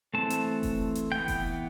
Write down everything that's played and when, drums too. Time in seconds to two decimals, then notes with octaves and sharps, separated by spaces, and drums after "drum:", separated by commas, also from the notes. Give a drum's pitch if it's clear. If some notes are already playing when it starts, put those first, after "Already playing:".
0.14 E3 A3 C4 A5
0.30 drum: hi-hat
0.63 drum: kick F1, open hi-hat
0.95 drum: hi-hat
1.12 E3 B3 G5
1.28 drum: kick F1, open hi-hat